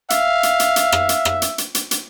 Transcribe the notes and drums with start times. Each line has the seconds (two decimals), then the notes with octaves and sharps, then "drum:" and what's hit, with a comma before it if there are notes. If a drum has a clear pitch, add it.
0.10 E5 F5, drum: hi-hat
0.43 drum: hi-hat
0.60 drum: hi-hat
0.76 drum: hi-hat
0.92 drum: rim click
1.09 drum: hi-hat
1.25 drum: rim click
1.42 drum: hi-hat
1.58 drum: hi-hat
1.75 drum: hi-hat
1.91 drum: hi-hat